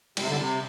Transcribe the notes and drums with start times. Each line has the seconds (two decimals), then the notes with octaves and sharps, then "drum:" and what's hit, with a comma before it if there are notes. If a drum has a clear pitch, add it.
0.17 C3 G3, drum: cymbal
0.27 D3
0.32 C3 G3